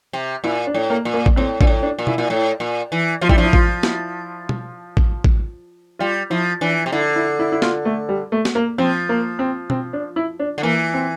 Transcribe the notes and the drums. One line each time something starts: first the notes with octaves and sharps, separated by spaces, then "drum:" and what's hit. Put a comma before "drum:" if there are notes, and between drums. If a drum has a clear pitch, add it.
C3
A#2 E4
D4
A2
A#3
A#2
A#3
drum: kick A1
A2 C4
A#2 D4, drum: kick A1
A2
D4
A#2
E4, drum: tom B2
A#2
A2
A#2
E3
F3 F4
G3 E4, drum: kick A1
F3 D4
E4
F4, drum: kick A1
E4, drum: snare
drum: tom B2
drum: kick A1
drum: kick A1
G3 F4
F3 E4
E3 D4
C3
D3 E4
E4
E4
E4
F4, drum: snare
A3
G3
A3
drum: snare
A#3
F3 C4
A#3
C4
C4, drum: tom B2
D4
E4
D4
D3
E3 A#3
C4